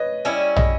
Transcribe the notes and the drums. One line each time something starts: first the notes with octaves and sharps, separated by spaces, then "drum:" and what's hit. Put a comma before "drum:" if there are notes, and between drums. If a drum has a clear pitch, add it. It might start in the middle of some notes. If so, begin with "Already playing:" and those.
Already playing: B4 C#5 D#5
G3 C#4 E4
D#5, drum: tom